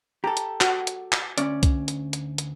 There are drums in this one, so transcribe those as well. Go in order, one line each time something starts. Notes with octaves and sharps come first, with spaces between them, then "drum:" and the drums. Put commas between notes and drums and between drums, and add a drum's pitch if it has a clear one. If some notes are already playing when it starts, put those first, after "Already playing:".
G4 A4 A#5
drum: hi-hat
F#4, drum: clap
drum: hi-hat
drum: clap
D2 C#4 D5, drum: hi-hat
drum: kick C2, hi-hat
drum: hi-hat
drum: hi-hat
drum: hi-hat